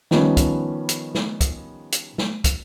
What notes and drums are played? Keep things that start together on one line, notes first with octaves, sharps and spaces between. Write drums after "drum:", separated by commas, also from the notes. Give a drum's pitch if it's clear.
D#3 F3 G3 B3 C#4, drum: snare
drum: kick, hi-hat
drum: hi-hat
drum: snare
drum: kick, hi-hat
drum: hi-hat
drum: snare
drum: kick, hi-hat